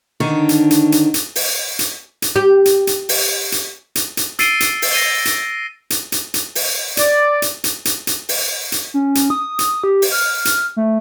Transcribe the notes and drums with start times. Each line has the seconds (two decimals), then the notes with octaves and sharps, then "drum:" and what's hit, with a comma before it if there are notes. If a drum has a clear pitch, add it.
0.20 D3 D#3 D4 D#4 C#5
0.49 drum: hi-hat
0.71 drum: hi-hat
0.92 drum: hi-hat
1.14 drum: hi-hat
1.36 drum: open hi-hat
1.79 drum: hi-hat
2.22 drum: hi-hat
2.36 G4
2.65 drum: hi-hat
2.87 drum: hi-hat
3.09 drum: open hi-hat
3.52 drum: hi-hat
3.95 drum: hi-hat
4.17 drum: hi-hat
4.39 E6 A6 C7 D7 D#7 G7, drum: hi-hat
4.60 drum: hi-hat
4.82 drum: open hi-hat
4.93 A#6 C7 D#7 G7
5.25 drum: hi-hat
5.90 drum: hi-hat
6.12 drum: hi-hat
6.34 drum: hi-hat
6.55 drum: open hi-hat
6.97 D5, drum: hi-hat
7.42 drum: hi-hat
7.64 drum: hi-hat
7.85 drum: hi-hat
8.07 drum: hi-hat
8.29 drum: open hi-hat
8.72 drum: hi-hat
8.94 C#4
9.15 drum: hi-hat
9.30 D#6
9.59 drum: hi-hat
9.84 G4
10.02 drum: open hi-hat
10.12 F6
10.45 drum: hi-hat
10.77 A3